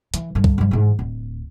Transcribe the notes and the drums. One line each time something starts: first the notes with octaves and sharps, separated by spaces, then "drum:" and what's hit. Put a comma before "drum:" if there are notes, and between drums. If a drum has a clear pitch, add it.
E3, drum: hi-hat
G2 D3
drum: kick
G2 F3
G#2 E3
D1